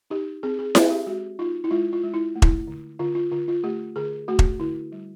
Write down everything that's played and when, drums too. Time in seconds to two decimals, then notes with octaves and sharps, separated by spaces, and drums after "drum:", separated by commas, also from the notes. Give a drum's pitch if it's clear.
0.10 D#4 G4
0.43 C4 G#4
0.59 G#4
0.75 C4 G#4, drum: snare E4
0.90 G4
1.06 G#3 F#4
1.39 D#4 F4
1.64 E4
1.71 G#3 F4
1.93 F4
2.03 G#3
2.14 E4
2.36 A3
2.42 E4, drum: kick E1
2.67 D3
2.99 D3 F4
3.15 F4
3.32 D3 F4
3.48 F4
3.63 A3 G4
3.96 D3 G#4
4.28 A3 F#4
4.39 drum: kick E1
4.60 D3 E4
4.92 G3